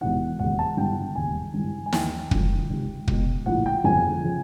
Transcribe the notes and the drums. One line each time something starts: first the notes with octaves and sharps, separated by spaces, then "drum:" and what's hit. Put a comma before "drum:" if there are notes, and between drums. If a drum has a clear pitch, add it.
E1 E2 C3 D#3 F#5
E1 D#2 C#3 F#5
A5
G1 G2 E3 G5
E1 D#2 C#3 G#5
G#1 G2 E3
G#5
D#2 D#3 G5, drum: snare
G#1 F#2 D3 F3, drum: kick
C#2 C3 D#3
C#2 B2, drum: kick
A#1 A2 F3 F#5
G5
G1 F2 C#3 F3 G#5
C#3 F3